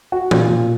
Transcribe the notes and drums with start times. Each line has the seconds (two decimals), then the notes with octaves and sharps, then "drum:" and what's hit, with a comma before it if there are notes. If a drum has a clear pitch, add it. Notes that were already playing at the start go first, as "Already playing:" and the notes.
0.12 F#4
0.31 A#2, drum: tom E3
0.50 A#2